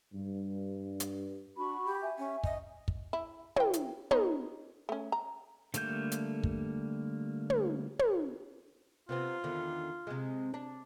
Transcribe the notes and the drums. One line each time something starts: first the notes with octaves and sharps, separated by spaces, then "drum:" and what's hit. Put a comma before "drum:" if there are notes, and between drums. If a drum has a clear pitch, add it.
G2
drum: hi-hat
D4 F#4 B5 C#6
G4
E5 G#5
C#4
D#5, drum: kick
drum: kick
E4
E3 G5, drum: tom
drum: hi-hat
B3 D#4 C#5, drum: tom
A3 C#4
A#5
D3 G3 A3 A#3 G6, drum: hi-hat
drum: hi-hat
drum: kick
drum: tom
drum: tom
C3 B3 C4 F4
E2 D3 D#3
C3 G#3
D4